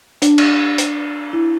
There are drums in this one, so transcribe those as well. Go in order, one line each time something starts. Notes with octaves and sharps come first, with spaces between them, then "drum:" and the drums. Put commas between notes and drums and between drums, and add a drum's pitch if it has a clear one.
D4, drum: hi-hat
drum: cymbal
drum: hi-hat
E4